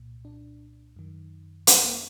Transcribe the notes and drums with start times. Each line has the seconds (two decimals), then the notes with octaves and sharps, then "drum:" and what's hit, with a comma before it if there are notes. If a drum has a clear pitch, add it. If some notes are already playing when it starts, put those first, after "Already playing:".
Already playing: C2 A#2
0.25 D4
0.96 F#2 D#3
1.67 C4, drum: hi-hat
1.84 A#3